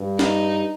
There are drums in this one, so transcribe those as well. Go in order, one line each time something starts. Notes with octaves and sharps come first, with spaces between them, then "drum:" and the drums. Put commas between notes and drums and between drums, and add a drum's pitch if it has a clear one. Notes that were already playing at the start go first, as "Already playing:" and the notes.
Already playing: G2
D#4, drum: snare